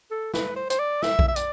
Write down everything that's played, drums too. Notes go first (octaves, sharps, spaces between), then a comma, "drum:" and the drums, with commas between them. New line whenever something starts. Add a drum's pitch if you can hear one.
A4
B4, drum: snare
C5
C5, drum: hi-hat
D5
E5, drum: snare
drum: kick B1
E5
D5, drum: hi-hat